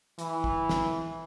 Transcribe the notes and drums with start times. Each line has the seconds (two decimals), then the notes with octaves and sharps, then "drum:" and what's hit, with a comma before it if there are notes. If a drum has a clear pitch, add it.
0.19 E3, drum: hi-hat
0.44 drum: kick
0.69 drum: snare